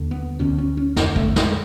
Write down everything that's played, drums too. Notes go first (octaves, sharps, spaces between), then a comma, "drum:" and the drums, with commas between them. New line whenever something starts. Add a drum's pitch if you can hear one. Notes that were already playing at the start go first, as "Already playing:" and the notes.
Already playing: D#2 D3
B3
D2 D3 C#4
C#4
C#4
F2 D3 B3, drum: snare
A3, drum: kick
G#3, drum: snare